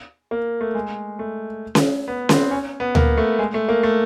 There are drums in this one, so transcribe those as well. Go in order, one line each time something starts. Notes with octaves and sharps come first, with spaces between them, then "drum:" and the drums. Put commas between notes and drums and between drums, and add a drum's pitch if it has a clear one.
A#3
A3
G#3
A3
drum: snare C#4
B3
C4, drum: snare C#4
C#4
B3
A#3, drum: tom D2
A3
G#3
A3
A#3
A3